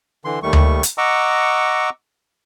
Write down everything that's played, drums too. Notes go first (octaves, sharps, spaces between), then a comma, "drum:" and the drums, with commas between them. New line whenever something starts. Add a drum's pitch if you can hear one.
D3 E3 C6
D#2 D#3 G3 A3 C#6
drum: tom D2
drum: hi-hat
D#5 F#5 A#5 C#6 D6 E6